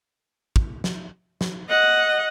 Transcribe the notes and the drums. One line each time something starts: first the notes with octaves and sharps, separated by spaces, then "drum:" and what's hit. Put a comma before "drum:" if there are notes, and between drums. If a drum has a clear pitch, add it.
drum: kick
drum: snare
drum: snare
D#5 F#5